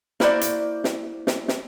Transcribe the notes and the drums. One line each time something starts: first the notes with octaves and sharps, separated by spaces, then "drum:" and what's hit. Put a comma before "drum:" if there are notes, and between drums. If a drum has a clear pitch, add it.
A#3 E4 F#4 C5 D5, drum: snare
drum: hi-hat
drum: snare
drum: snare
drum: snare